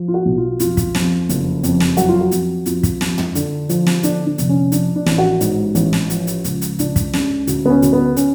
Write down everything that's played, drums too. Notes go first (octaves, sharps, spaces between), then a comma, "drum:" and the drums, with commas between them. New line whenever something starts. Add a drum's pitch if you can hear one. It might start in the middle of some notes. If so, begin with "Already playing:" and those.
Already playing: F3
F4
F#4
B1
F4
F2 F4, drum: hi-hat
drum: kick, hi-hat
F2, drum: snare
F#1, drum: hi-hat
F2, drum: hi-hat
drum: snare
F#3 F#4, drum: hi-hat
F4
F#4
F2, drum: hi-hat
F2 F4, drum: hi-hat
drum: kick, hi-hat
F2, drum: snare
drum: tom
D3, drum: hi-hat
F3, drum: hi-hat
drum: snare
D3 D4, drum: hi-hat
D4
F1, drum: hi-hat
C#4
F3 D4, drum: hi-hat
D4
A1, drum: snare
F#4
G#2, drum: hi-hat
A1, drum: hi-hat
drum: snare
F3, drum: hi-hat
drum: hi-hat
C#2, drum: hi-hat
drum: hi-hat
C#2 D4, drum: hi-hat
drum: kick, hi-hat
C#3, drum: snare
D2, drum: hi-hat
B3
C#4
D2, drum: hi-hat
B3
C#4, drum: hi-hat